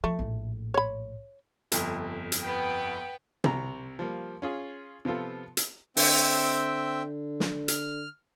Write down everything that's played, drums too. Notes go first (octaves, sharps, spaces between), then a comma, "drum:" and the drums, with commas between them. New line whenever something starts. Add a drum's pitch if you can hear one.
F3 A3
A#1 A2
C#5 B5
G1 F2, drum: hi-hat
drum: hi-hat
B3 G5
C2 C3 A#5, drum: tom
F3 G3 A#3
C#4 F4 G#4
C3 F3 B3 F4 A4
drum: hi-hat
D3 C4 E5 G5, drum: open hi-hat
drum: snare
F6, drum: hi-hat